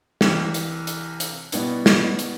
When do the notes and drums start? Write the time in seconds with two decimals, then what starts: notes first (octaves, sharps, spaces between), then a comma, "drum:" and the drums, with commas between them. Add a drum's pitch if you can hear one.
0.21 C2 C3 E3, drum: snare
0.54 drum: hi-hat
0.87 drum: hi-hat
1.20 drum: hi-hat
1.52 B2 G3 B3 E4, drum: hi-hat
1.86 drum: snare
2.19 drum: hi-hat